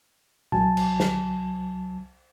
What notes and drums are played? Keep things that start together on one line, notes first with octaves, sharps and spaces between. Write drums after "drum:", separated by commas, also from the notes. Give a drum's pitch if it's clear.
C2 F#3 G#5 A5, drum: tom B2
drum: cymbal
drum: snare